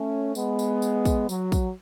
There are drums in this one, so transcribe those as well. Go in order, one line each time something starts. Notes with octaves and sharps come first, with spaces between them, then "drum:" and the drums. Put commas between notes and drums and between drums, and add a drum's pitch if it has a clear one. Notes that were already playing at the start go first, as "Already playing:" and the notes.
Already playing: A3 C#4
G#3 B3, drum: tambourine
drum: tambourine
drum: tambourine
drum: kick, tambourine
F#3, drum: tambourine
drum: kick, tambourine